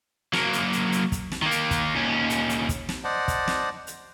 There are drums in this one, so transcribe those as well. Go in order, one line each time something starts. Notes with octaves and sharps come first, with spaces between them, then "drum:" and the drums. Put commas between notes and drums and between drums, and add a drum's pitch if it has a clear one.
F#3 A#3, drum: snare
drum: hi-hat
drum: hi-hat
drum: hi-hat
drum: kick, hi-hat
drum: snare
D#3 A#3
drum: hi-hat
drum: kick, hi-hat
D#2 C#4
drum: hi-hat
drum: hi-hat
drum: kick, hi-hat
drum: snare
C5 D5 D#5 F#5 A5
drum: kick, hi-hat
drum: snare
drum: hi-hat